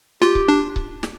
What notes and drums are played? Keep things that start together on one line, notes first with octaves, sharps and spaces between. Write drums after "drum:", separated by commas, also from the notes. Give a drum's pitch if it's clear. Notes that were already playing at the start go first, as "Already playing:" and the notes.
F4 G4, drum: snare
drum: kick C#1
D4
drum: kick C#1
drum: snare